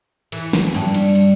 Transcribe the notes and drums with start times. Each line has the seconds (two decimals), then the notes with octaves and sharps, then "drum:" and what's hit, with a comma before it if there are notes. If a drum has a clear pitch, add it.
0.32 E3, drum: cymbal
0.53 drum: snare
0.75 G2, drum: cymbal
0.94 drum: cymbal
1.15 drum: cymbal